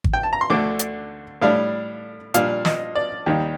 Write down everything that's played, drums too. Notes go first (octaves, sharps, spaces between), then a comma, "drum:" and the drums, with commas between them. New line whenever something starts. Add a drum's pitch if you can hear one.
drum: kick G#1
G5
A5
A#5
C6
D2 D3 A3 D4 D6
drum: hi-hat
A2 G3 D4 F5
A#2 G3 D4 F5, drum: hi-hat
D#5, drum: snare
D5
D#2 D#3 G3 G4